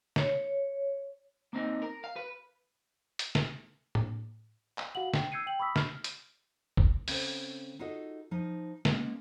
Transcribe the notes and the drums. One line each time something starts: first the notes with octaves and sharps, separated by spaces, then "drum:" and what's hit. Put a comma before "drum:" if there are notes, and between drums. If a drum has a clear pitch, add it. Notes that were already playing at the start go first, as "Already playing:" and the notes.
C#5, drum: snare
A#3 C4 D#4
A#4
F5
B4
drum: hi-hat
drum: snare
drum: tom A2
drum: clap
F#4 F5 F#5 F#7
G5, drum: snare
E6 G6 G#6 C7 C#7 D#7
G5 F#7
B5 C#6 D#6 E6 B6
F6, drum: snare
drum: hi-hat
drum: kick
C#3 C4 A4 C5, drum: open hi-hat
D#4 F4 F#4 G#4 A4 D#5
F3 D#4
G#3 A#3 B3 C#4, drum: snare